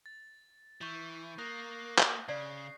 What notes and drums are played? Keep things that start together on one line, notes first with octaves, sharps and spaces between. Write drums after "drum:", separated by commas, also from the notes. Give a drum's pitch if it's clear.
A6
E3 C#6 G6 A6
A#3 D#6 F#6 A#6
drum: clap
C#3 D5 C7